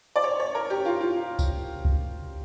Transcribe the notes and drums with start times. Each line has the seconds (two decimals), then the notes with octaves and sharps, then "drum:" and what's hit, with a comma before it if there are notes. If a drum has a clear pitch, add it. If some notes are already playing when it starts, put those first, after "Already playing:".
0.16 D5
0.24 C#5
0.40 C#5
0.55 A#4
0.70 G4
0.85 F4
1.01 F4
1.39 drum: kick C#2, tambourine
1.85 drum: kick C#2